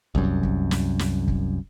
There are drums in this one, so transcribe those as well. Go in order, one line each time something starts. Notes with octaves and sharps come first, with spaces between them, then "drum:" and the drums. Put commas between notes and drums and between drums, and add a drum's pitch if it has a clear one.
C2 F#2, drum: kick
drum: kick
drum: snare
drum: snare
drum: kick